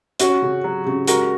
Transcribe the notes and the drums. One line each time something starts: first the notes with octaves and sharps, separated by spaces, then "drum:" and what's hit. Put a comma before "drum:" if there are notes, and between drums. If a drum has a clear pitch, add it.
C#4 F#4, drum: hi-hat
C#3
F#3
C#3
G#3 F#4 A#4, drum: hi-hat